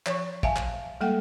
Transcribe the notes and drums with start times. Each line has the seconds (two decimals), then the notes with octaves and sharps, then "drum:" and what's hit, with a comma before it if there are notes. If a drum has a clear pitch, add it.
0.06 F3 C#5 C#6, drum: clap
0.43 E5 F5 G#5 A5, drum: kick
0.56 drum: clap
1.01 G3 G#3 A#3 A4 F#5 G5